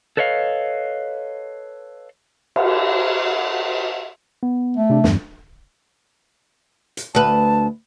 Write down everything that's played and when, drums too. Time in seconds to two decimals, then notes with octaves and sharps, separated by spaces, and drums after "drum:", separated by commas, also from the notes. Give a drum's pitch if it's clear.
0.17 A4 B4 C#5 D#5 F5
2.56 drum: cymbal
4.43 B3
4.77 A3
4.90 C3 D4
5.04 E2 G2, drum: snare
6.97 drum: hi-hat
7.15 D2 B4 A5